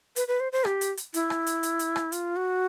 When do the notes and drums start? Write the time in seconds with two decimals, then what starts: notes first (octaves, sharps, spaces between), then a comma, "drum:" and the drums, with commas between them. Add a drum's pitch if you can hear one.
0.16 B4, drum: hi-hat
0.28 B4
0.40 C5
0.52 C5
0.65 G4, drum: rim click
0.81 drum: hi-hat
0.97 drum: hi-hat
1.14 E4, drum: hi-hat
1.30 drum: rim click
1.46 drum: hi-hat
1.63 drum: hi-hat
1.79 drum: hi-hat
1.96 drum: rim click
2.12 F4, drum: hi-hat
2.36 F#4